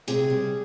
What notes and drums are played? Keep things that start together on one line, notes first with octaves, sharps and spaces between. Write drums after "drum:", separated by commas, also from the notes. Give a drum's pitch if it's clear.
C3 G#4, drum: hi-hat
G3